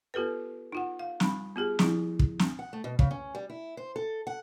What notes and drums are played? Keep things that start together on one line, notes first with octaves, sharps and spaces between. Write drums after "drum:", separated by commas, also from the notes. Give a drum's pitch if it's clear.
B3 F4 G4 A4 B4
D#4 F4 F#5
F5
G3 D#4 B5, drum: snare
B3 F4 G4 G#4
F3 E4, drum: snare
drum: kick
drum: snare
F#5
A3
B2
C#3, drum: kick
C#4
G3
E4
C5
A4
F#5